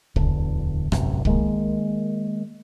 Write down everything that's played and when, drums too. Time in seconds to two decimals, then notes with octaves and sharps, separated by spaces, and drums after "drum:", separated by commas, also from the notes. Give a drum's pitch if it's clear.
0.16 D1 E2 D3, drum: kick
0.92 E1 A1 F#2 C3, drum: rim click
1.25 D#3 G#3 A#3, drum: kick